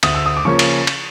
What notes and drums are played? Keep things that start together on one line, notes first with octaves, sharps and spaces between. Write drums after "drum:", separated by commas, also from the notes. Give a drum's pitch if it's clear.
D2 D#6, drum: cymbal
E6
D#6
D6
C#3 F3 A#3 C#4 C#6
drum: cymbal
drum: cymbal